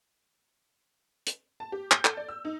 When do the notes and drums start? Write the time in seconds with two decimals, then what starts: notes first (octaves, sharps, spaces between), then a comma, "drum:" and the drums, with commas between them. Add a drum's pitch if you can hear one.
1.27 drum: hi-hat
1.60 A5
1.72 G4
1.91 G6, drum: clap
2.05 A4, drum: clap
2.17 D5
2.29 E6
2.45 D#4